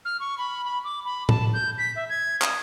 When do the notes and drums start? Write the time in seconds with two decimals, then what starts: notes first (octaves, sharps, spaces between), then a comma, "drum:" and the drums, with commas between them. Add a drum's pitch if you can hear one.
0.05 F6
0.20 C#6
0.38 B5
0.65 B5
0.84 D6
1.05 B5
1.29 A5, drum: tom
1.54 G6
1.78 B6
1.96 E5
2.10 G#6
2.42 D#6, drum: clap